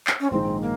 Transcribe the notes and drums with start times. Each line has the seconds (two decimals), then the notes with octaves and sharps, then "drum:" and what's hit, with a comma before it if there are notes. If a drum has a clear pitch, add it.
0.07 drum: clap
0.20 C#4
0.31 A#1 G#2 D#3 G#3 C4 D#4
0.61 A#3